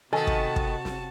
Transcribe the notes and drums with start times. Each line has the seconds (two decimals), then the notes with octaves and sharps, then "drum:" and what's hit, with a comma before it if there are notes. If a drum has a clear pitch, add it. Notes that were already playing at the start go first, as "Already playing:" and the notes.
0.13 C3 D#3 B3 F#4 A4 G#5 A5
0.27 drum: kick
0.56 drum: kick
0.85 drum: snare